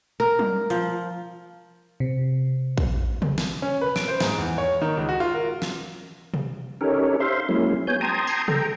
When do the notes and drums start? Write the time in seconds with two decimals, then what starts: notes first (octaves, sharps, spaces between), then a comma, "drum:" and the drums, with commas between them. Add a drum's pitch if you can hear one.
0.20 A#4
0.39 drum: tom F#3
0.70 F3, drum: hi-hat
2.00 C3
2.78 drum: kick
3.22 drum: tom C3
3.38 drum: snare
3.62 C#4
3.81 B4
3.96 D7, drum: snare
4.08 C5
4.20 G#2, drum: snare
4.38 E2
4.58 C#5
4.82 D#3
4.97 C#2
5.09 F#4
5.20 F4
5.34 A#4
5.62 drum: snare
6.34 drum: tom B2
6.81 C#4 D#4 G4 A4 A#4 C#5
7.20 C5 E5 F5 C6
7.49 F#3 G#3 A#3 C#4 E4
7.87 B3 C#5 G#5 G6
8.01 G5 A5 A#5 C6 D#6 G#6
8.27 drum: tambourine
8.48 A4 G5 A#5, drum: tom C3